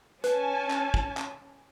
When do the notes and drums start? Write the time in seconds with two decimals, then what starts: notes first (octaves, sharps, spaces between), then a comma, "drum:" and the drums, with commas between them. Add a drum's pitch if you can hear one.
0.24 C#4 B4 G#5 A5, drum: hi-hat
0.71 drum: clap
0.94 drum: kick
1.17 drum: clap